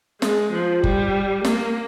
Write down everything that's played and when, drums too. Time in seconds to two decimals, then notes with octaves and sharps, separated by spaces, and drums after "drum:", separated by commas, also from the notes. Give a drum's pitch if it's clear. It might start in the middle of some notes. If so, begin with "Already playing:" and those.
0.22 G#3, drum: snare
0.53 F3
0.84 G3, drum: kick F#1
1.45 A#3, drum: snare